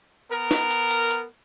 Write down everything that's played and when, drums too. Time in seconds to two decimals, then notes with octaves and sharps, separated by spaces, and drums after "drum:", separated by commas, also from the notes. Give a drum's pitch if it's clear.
0.31 B3 A#4
0.51 drum: snare
0.71 drum: hi-hat
0.91 drum: hi-hat
1.11 drum: hi-hat